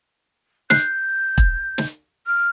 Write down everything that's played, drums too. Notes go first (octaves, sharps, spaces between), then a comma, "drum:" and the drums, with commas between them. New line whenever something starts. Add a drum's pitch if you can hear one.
F#6 G6 C7, drum: snare
drum: kick E1
drum: snare
F6